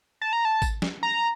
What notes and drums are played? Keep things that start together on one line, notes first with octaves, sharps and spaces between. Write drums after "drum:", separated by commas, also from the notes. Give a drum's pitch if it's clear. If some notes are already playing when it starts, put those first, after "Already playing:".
A5
A#5
A5
drum: kick G#1, tambourine
drum: snare
A#5